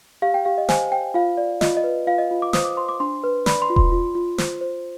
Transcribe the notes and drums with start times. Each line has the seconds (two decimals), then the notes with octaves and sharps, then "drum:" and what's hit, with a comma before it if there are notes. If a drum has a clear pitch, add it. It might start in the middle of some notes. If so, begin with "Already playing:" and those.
0.22 G4 F5
0.34 G5
0.45 G4 F5
0.58 D#5
0.69 C5 G#5, drum: snare
0.92 C5 G5
1.14 F4 F5
1.37 D5
1.61 F4 D#5, drum: snare
1.77 D#5
1.84 B4
2.07 F4 F5
2.18 D#5
2.31 F4
2.42 D6
2.53 C5 D#6, drum: snare
2.65 D6
2.77 C5 C6
2.89 D6
3.00 D4 C6
3.24 B4
3.46 D5 B5, drum: snare
3.62 C6
3.70 F4
3.76 C6, drum: kick E1
3.92 F4
4.15 F4
4.38 C5, drum: snare
4.61 C5